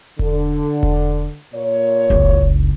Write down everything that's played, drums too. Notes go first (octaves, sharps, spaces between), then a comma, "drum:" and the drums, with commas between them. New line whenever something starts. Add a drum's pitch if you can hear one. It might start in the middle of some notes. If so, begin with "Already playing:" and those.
D3, drum: kick E1
drum: kick E1
A#2 C#5
F#1 C#2, drum: kick E1